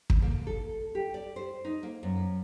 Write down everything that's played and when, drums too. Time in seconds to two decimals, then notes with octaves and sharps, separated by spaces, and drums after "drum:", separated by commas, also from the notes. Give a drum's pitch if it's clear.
0.10 drum: kick
0.22 A#3
0.47 A4
0.95 G4
1.14 D5
1.36 C5
1.65 D#4
1.83 A#3
2.03 F#2